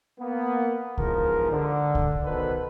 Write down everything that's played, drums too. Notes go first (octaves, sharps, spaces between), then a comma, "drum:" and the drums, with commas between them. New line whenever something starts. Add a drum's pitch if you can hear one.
A#3 B3
E2 G#2 F3 A#4, drum: kick C2
D3
drum: kick C2
B2 D#3 A4 B4 C5